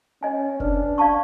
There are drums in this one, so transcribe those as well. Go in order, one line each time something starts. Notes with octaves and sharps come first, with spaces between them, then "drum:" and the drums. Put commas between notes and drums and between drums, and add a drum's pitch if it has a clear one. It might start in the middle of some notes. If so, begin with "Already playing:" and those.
C#4 D#5 G#5
D4 B4, drum: kick F1
D5 F5 A5 C#6